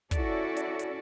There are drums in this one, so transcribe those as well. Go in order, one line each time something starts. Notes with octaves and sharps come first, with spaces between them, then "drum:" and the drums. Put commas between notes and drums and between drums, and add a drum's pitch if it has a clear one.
C#4 E4 F#4 A4 D5, drum: kick, hi-hat
drum: hi-hat
drum: hi-hat